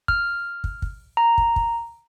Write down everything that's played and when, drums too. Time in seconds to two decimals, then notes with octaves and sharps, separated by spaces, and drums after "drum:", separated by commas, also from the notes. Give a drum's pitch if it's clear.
0.08 F6, drum: kick
0.64 drum: kick
0.82 drum: kick
1.17 A#5
1.38 drum: kick
1.56 drum: kick